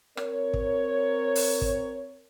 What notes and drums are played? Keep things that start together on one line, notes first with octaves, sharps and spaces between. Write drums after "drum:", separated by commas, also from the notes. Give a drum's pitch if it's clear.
C4 A#4 C#5, drum: rim click
drum: kick
drum: open hi-hat
drum: kick